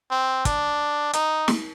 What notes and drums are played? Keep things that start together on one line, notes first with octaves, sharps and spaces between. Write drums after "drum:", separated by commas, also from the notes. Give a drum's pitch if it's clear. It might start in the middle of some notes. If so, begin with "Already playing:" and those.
C4
D4, drum: kick, hi-hat
D#4, drum: hi-hat
drum: snare